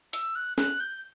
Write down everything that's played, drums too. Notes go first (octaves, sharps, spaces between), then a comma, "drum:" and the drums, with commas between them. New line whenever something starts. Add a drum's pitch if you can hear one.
E6, drum: hi-hat
F#6
F#6, drum: snare
G6